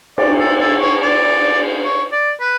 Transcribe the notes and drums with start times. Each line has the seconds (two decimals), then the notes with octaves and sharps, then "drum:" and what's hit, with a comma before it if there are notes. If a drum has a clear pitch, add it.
0.18 D5, drum: cymbal
0.39 A4
0.60 A4
0.81 C#5
1.02 D5
1.84 C#5
2.12 D5
2.40 B4